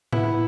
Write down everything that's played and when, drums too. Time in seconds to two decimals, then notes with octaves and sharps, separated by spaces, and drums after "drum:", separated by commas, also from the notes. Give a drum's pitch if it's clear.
0.13 B3 E4, drum: tom A2